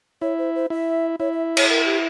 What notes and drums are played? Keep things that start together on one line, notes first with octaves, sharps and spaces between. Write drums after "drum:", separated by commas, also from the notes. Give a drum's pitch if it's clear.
E4 C#5
C5
C5
E4 E5
E4 C#5
E5
C#5, drum: cymbal
A#4
G4